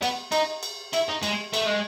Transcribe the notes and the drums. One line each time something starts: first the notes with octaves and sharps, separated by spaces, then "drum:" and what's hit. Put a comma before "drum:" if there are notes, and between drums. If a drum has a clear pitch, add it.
B3, drum: cymbal
D#4, drum: cymbal
drum: cymbal
E4, drum: cymbal
D#4
G#3, drum: cymbal
A3, drum: cymbal
G#3